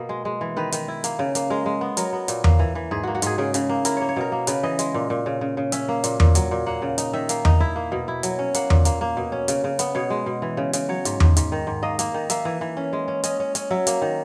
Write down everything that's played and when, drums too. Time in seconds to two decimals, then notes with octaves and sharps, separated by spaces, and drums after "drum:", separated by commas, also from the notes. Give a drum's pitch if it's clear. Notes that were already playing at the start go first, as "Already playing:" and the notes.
Already playing: B2 A#3
0.09 G#3
0.25 G#3
0.41 E3
0.57 D#3 B4
0.72 D#3, drum: hi-hat
0.88 E4
1.04 A#3, drum: hi-hat
1.19 C#3
1.35 A#3, drum: hi-hat
1.50 G#3 A#4
1.66 G#3
1.81 B3
1.97 F#3 A#4, drum: hi-hat
2.13 B3
2.28 A#2, drum: hi-hat
2.44 A#3, drum: tom E2
2.59 E3
2.75 E3
2.91 G#2 G#4
3.03 A#3 F#4
3.15 F#4
3.22 G#2 G#4, drum: hi-hat
3.38 C#3 G#4
3.54 C#3, drum: hi-hat
3.69 A#3
3.85 E4 A#4, drum: hi-hat
3.97 A#3 C#5
4.09 C#5
4.16 B2 A#4
4.32 A#3
4.47 C#3 B4, drum: hi-hat
4.63 E3 D#5
4.79 G#3, drum: hi-hat
4.94 A#2
5.10 A#2
5.26 C#3
5.41 C#3
5.57 C#3
5.72 C#4 E5, drum: hi-hat
5.88 A#3
6.04 A#2, drum: hi-hat
6.20 A#2, drum: tom E2
6.35 F#3, drum: hi-hat
6.51 A#2
6.66 A#3 F#5
6.82 C#3
6.98 D#4, drum: hi-hat
7.13 D#3 E5
7.29 A#3, drum: hi-hat
7.45 D#4, drum: tom E2
7.60 E4 E5
7.76 A#3
7.92 B2
8.08 E4
8.23 F#3, drum: hi-hat
8.39 C#4
8.54 A#3 F#5, drum: hi-hat
8.70 A#2, drum: tom E2
8.85 A#3, drum: hi-hat
9.01 A#3
9.17 B2
9.32 C#4
9.48 C#3, drum: hi-hat
9.64 C#3
9.79 B3, drum: hi-hat
9.95 B2 C#5
10.10 G#3
10.26 B2
10.42 E3
10.57 C#3
10.73 C#3, drum: hi-hat
10.89 F#3 C#5
11.05 G#2, drum: hi-hat
11.20 G#2, drum: tom E2
11.37 G#2, drum: hi-hat
11.52 D#3
11.67 G#2
11.82 A#3 D#5
11.99 A#3, drum: hi-hat
12.14 D#3
12.30 A#3 E5, drum: hi-hat
12.45 E3
12.61 E3
12.77 C#4
12.93 G#3
13.08 C#4
13.24 C#4 D#5, drum: hi-hat
13.40 C#4
13.55 C#4, drum: hi-hat
13.71 F#3 E5
13.87 A#3, drum: hi-hat
14.02 D#3